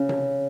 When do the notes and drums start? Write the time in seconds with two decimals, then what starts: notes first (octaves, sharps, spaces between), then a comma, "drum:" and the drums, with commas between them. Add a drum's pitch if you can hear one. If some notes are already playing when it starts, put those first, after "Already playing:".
Already playing: C#3
0.09 drum: tom C3